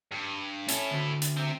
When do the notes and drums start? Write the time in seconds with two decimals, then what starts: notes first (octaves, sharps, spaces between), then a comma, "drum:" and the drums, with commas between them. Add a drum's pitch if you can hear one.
0.12 G2
0.69 C#4 E4 A4, drum: hi-hat
0.91 D2 D3
1.22 drum: hi-hat
1.37 C4 E5